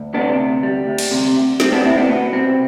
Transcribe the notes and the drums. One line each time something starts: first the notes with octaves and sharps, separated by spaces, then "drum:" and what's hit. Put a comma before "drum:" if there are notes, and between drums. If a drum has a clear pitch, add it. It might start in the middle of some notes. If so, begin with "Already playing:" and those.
Already playing: D2
C3 B3 D4
D2
G3
D2
drum: cymbal
C3
D2
G3 C4, drum: snare
B3 D4
D2 C4 E4
B3 D4
B2 B3
C2 C4